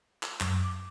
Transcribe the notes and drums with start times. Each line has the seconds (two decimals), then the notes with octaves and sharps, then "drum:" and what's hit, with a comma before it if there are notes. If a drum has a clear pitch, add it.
0.23 E6, drum: clap
0.41 F#2, drum: clap
0.64 D6